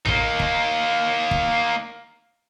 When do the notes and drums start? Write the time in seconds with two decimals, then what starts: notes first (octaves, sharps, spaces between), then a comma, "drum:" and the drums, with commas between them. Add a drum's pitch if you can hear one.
0.05 A#3 D#4, drum: tom A1
0.40 drum: kick
1.31 drum: kick